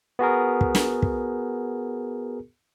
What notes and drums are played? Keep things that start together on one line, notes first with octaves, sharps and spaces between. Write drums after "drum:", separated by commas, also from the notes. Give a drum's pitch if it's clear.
B3 F#4 G#4 A#4
drum: kick
drum: snare
drum: kick